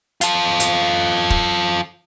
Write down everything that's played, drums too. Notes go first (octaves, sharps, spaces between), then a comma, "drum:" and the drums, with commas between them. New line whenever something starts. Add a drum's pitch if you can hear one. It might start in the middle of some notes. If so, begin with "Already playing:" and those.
F4 A4, drum: hi-hat
drum: hi-hat
drum: kick